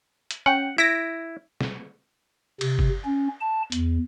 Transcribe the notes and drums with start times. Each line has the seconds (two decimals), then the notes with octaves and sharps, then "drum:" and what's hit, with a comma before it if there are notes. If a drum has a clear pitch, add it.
0.31 drum: hi-hat
0.46 C#4 F#5 G5
0.78 E4 A#6 B6 D7
1.61 drum: snare
2.61 C3, drum: cymbal
2.79 drum: kick G1
3.05 C#4
3.41 A5
3.72 E2, drum: hi-hat